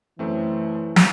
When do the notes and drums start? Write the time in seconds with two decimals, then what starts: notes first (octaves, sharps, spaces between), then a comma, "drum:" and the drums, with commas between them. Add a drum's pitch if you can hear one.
0.19 F#2 E3 A3 C4
0.96 drum: snare